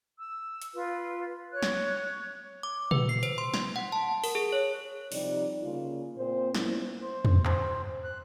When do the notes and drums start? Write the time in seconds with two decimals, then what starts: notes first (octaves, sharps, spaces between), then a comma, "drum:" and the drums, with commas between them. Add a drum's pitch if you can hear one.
0.19 E6
0.62 drum: hi-hat
0.74 F4 B4
1.53 C#5 F#6
1.63 drum: snare
2.63 D6
2.91 B4, drum: tom
3.09 C7
3.23 C5, drum: hi-hat
3.38 C6
3.54 C6, drum: snare
3.76 F#5
3.92 A5
4.24 A#4, drum: open hi-hat
4.35 G#4
4.52 C#5
5.12 C3 F3 G3 D#4 D5, drum: open hi-hat
5.63 C#3 A#3 F4
6.17 A#2 C4 C5
6.55 A#3 B3 C#4 E4, drum: snare
7.01 C5
7.25 drum: tom
7.45 C5, drum: clap
8.04 F#6